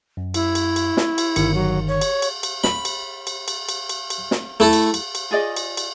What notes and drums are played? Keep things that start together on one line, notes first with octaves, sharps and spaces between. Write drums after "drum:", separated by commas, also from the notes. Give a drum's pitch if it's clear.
F#2
E4, drum: cymbal
drum: cymbal
drum: cymbal
drum: snare
drum: cymbal
G1 D#3 C#7, drum: cymbal
F#3
C#5
drum: cymbal
drum: cymbal
drum: cymbal
B5, drum: snare
drum: cymbal
drum: cymbal
drum: cymbal
drum: cymbal
drum: cymbal
drum: cymbal
drum: snare
A3 E4 A4
drum: cymbal
drum: cymbal
drum: cymbal
F4 G#4 D5 D#5
drum: cymbal
drum: cymbal